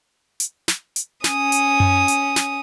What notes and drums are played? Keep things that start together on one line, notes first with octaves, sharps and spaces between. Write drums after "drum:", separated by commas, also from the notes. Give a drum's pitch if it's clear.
drum: hi-hat
drum: snare
drum: hi-hat
C#4 D#6, drum: snare
drum: hi-hat
drum: tom F#2
drum: hi-hat
drum: snare